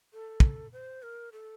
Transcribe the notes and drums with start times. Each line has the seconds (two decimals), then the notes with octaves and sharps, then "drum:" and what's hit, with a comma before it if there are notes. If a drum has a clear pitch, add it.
0.13 A4
0.40 drum: kick
0.73 C5
1.03 A#4
1.32 A4